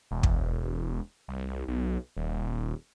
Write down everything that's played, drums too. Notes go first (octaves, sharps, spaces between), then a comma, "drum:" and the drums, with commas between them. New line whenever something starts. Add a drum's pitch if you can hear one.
E1
drum: kick
C2
B1
D#1